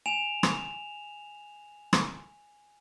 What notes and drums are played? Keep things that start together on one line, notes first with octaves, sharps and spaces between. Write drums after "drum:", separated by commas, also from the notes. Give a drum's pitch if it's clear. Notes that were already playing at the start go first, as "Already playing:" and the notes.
G#5 E7 F7
drum: rim click
drum: rim click